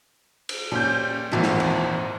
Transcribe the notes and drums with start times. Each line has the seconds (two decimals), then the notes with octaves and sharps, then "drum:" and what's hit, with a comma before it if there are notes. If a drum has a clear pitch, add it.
0.49 drum: cymbal
0.72 A#2 G3 C#4 G6
1.32 G#1 E2 A#2 E3 F3 E5
1.42 drum: snare
1.60 drum: cymbal